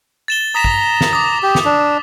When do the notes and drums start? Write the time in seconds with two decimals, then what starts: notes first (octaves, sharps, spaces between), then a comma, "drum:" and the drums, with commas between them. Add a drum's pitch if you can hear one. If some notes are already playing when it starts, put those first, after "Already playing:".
0.28 A6 E7 G7
0.55 A#5 D#6 B6 E7
0.64 drum: kick
1.01 drum: snare
1.13 D6 D#6
1.43 G4
1.55 drum: snare
1.65 D4